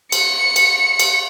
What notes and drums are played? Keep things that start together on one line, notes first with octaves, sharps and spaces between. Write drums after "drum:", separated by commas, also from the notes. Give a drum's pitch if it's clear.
C#7, drum: cymbal
drum: cymbal
drum: cymbal